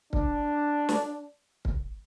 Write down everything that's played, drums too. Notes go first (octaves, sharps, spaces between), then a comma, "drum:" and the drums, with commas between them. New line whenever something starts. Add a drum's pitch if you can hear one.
D4, drum: kick
drum: snare
drum: kick